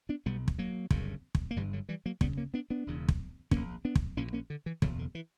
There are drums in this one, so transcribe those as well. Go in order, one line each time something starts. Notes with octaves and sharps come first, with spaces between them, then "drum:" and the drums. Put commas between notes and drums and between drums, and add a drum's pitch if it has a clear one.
B3 D4
B1 B2 G3 B3
drum: kick
F#3 A#3
G1 F#2 C#3, drum: kick
drum: kick
A#3
G1 G2 D3 E3 G3
D3 F#3
E3 G3
F#3 A#3
D2 C#3 G3 B3, drum: kick
A#3 C#4
B3 D4
B3 D4
E1 E2 C#3
drum: kick
A#1 A#2 A#3 C#4, drum: kick
B3 D4
drum: kick
A#1 A#2 A#3 C#4
A#3 C#4
D3
E3
F#1 E2 B2 D3 F#3, drum: kick
D3
E3